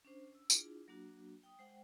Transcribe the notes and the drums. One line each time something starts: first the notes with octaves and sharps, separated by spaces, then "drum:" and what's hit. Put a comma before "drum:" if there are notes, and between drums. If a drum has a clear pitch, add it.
C#4 D4 C5
E6
D4 E4 F4 G#4, drum: tambourine
F#3 A#3 D4 F#4
G5 D#6
G#3 C5 F#5 G5